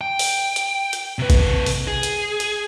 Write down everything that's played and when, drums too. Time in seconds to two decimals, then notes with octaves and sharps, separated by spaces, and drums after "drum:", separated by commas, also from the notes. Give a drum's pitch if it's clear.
0.01 G5
0.19 drum: open hi-hat
0.56 drum: hi-hat
0.93 drum: hi-hat
1.19 C3 B4
1.30 drum: kick A#1, hi-hat
1.66 drum: open hi-hat
1.87 G#4
2.03 drum: hi-hat
2.40 drum: hi-hat